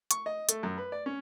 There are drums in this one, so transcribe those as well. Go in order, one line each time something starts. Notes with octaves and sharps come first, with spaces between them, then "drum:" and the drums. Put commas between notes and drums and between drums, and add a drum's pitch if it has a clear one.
C#6, drum: hi-hat
D#5
A3, drum: hi-hat
F#2
B4
D5
C#4